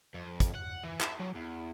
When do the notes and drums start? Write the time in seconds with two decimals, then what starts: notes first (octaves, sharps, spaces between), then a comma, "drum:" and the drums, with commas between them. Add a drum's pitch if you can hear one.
0.14 F2
0.40 drum: kick, hi-hat
0.55 F#5
0.84 E3
1.01 E5, drum: clap
1.20 F#3
1.35 E2